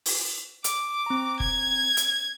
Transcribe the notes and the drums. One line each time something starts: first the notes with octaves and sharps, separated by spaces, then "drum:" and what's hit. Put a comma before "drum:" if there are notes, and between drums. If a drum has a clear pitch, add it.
drum: open hi-hat
D6, drum: hi-hat
C4 A#5
G#6, drum: kick F#1
drum: hi-hat